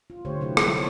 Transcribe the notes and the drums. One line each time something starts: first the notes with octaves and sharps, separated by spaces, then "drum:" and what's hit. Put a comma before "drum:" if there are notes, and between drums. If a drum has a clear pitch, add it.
F4
D3 A3 G4 C5 C#5
C3 F#3 E4 F4 G4 B4
B3 D#4 F4 G4 A4, drum: rim click
G4 A4 C5 C#5